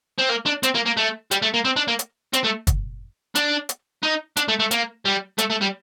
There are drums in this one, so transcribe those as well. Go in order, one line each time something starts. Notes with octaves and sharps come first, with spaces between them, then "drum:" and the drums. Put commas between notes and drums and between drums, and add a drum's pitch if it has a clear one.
C4
A#3
D4
C4, drum: hi-hat
A#3
A#3
A3
G3, drum: hi-hat
A3
A#3
C4
D4
A#3
drum: hi-hat
C4, drum: hi-hat
A3
drum: kick, hi-hat
D4, drum: hi-hat
drum: hi-hat
D#4
D4, drum: hi-hat
A3
A3
A#3, drum: hi-hat
G3
A3, drum: hi-hat
A3
G3